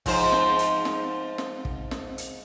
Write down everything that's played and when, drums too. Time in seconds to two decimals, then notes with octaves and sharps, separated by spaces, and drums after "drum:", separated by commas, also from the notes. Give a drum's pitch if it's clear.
0.06 G#2 F3 C5, drum: kick, open hi-hat
0.32 drum: snare
0.59 drum: hi-hat
0.85 drum: snare
1.38 drum: snare
1.65 drum: kick
1.91 drum: snare
2.18 drum: hi-hat